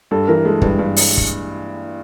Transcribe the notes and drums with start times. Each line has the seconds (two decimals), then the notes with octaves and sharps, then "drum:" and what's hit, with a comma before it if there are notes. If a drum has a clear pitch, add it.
0.11 G2 A4
0.28 E3 A#4
0.45 G#3 A4
0.62 G2 B4, drum: kick
0.78 G2 B4
0.96 drum: open hi-hat
1.17 drum: kick